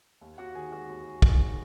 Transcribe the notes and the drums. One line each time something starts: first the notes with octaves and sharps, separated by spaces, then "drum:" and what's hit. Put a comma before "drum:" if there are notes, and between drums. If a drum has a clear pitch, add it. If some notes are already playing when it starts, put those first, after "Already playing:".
D#2
D#2 F#4 F#5
D#3 G#4 G#5
G#3 F#4 F#5
D#2
D#2
D#3, drum: kick
G#3